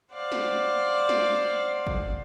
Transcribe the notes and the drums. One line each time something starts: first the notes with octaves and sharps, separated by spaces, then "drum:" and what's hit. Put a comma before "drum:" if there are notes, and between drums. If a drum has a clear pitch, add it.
C5 D5 F5 F#5
drum: snare
drum: snare
drum: kick